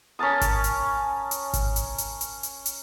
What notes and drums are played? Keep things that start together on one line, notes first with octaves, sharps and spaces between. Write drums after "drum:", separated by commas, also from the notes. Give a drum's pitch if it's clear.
C#4 A#4 A5 D#6
drum: kick G#1, hi-hat
drum: hi-hat
drum: hi-hat
drum: kick G#1, hi-hat
drum: hi-hat
drum: hi-hat
drum: hi-hat
drum: hi-hat
drum: hi-hat